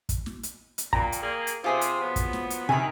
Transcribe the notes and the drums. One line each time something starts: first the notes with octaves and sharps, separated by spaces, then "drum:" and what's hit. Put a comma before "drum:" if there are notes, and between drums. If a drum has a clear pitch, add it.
drum: kick, hi-hat
drum: snare
drum: hi-hat
drum: hi-hat
A#2 G5 A#5, drum: kick
drum: hi-hat
A#3 G#4
drum: hi-hat
C3 F4 G#4 C5
drum: hi-hat
F3 F#3 B3
drum: kick, hi-hat
drum: snare
drum: hi-hat
C3 D#3 G#5 B5